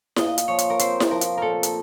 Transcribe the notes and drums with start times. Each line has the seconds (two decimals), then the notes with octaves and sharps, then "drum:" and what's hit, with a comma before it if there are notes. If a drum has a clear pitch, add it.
0.16 A#2 D#5, drum: snare E4
0.38 drum: hi-hat
0.48 F3 C#5
0.59 drum: hi-hat
0.70 A#4
0.79 C4 C5, drum: hi-hat
1.00 drum: snare E4
1.10 F3 A#4
1.21 drum: hi-hat
1.37 A#2 A4 A#4
1.63 drum: hi-hat